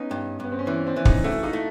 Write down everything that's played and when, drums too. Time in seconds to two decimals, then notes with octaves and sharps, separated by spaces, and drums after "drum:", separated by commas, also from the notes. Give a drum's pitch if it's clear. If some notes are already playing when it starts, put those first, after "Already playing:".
Already playing: B3 C#4 D#4
0.11 G2
0.40 G2 B3
0.52 C4
0.59 C#4
0.67 E3 C4 D4
0.86 C4 D4
0.96 E3
1.05 C#4 D#4, drum: kick
1.24 A3 E4 F#4
1.43 D#4 F4
1.53 A3